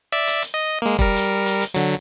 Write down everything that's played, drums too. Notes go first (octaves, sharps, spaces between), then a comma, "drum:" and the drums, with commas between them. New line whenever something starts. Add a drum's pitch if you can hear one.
D5 E5
drum: hi-hat
drum: hi-hat
D#5
G#3 A#3
G3 A#4, drum: kick
drum: hi-hat
drum: hi-hat
drum: hi-hat
D3 F#3, drum: hi-hat